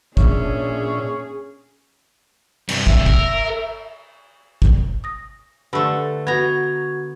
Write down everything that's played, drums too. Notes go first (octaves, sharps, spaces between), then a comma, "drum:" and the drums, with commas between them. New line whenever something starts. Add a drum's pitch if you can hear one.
A#2 C#4 D4 G#4 C#5 E5, drum: kick
G2 C3, drum: cymbal
E5, drum: kick
A#4, drum: kick
drum: kick
D#6 A#6
D3 A3 G4 B4 B5 E6
B3 F#4 B4 A#5 G#6